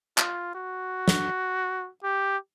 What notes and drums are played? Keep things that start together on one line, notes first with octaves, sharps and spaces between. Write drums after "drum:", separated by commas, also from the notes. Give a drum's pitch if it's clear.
F4, drum: clap
F#4
drum: snare
G4